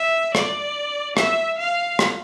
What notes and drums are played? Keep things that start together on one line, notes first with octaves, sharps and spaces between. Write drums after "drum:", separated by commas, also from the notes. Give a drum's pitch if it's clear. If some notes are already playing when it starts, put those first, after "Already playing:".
Already playing: E5
D5, drum: rim click
E5, drum: rim click
F5
drum: rim click